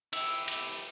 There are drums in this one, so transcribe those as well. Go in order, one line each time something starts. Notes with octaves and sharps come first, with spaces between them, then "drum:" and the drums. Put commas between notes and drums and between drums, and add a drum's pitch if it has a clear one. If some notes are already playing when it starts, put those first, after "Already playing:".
E4 G4 E6, drum: cymbal
drum: cymbal